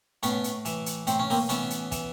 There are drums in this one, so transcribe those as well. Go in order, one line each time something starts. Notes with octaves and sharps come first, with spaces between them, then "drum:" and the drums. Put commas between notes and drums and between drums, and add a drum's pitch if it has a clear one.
A2 B3 C#4, drum: hi-hat
drum: hi-hat
E3, drum: hi-hat
drum: hi-hat
A2 C4, drum: hi-hat
C#4
A#3 C4, drum: open hi-hat
E3 B3 C#4, drum: hi-hat
drum: hi-hat
E3, drum: kick, hi-hat